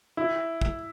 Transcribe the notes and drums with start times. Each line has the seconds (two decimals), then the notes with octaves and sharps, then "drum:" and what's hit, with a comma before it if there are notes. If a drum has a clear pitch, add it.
0.17 E4
0.61 drum: kick